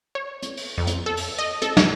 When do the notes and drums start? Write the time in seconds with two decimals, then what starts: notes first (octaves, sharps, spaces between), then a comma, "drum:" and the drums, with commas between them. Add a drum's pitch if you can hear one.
0.15 C#5
0.42 drum: hi-hat
0.57 drum: open hi-hat
0.78 F2
0.87 drum: hi-hat
1.06 A4
1.17 drum: open hi-hat
1.39 D#5
1.62 A4, drum: hi-hat
1.77 drum: snare